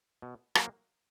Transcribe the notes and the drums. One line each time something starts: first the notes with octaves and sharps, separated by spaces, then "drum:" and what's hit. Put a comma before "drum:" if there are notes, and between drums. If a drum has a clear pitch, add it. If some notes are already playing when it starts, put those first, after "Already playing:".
B2
F#3 A#3, drum: rim click